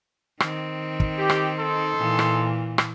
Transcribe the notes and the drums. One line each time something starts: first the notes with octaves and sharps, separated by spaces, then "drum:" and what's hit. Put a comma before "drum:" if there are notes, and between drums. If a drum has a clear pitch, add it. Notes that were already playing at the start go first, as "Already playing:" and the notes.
D#3 C4, drum: rim click
drum: kick
G4
drum: rim click
D#4 A4 C6
A#2 E3
drum: rim click
drum: rim click